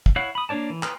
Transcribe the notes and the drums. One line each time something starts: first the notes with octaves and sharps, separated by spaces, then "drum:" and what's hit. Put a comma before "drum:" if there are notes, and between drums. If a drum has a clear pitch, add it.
drum: kick
E4 C#5 F5 F#5
B5 D#6
A#3 D4 C#5 D5 A5
E3
B4 G5 C6 D#6 F6, drum: clap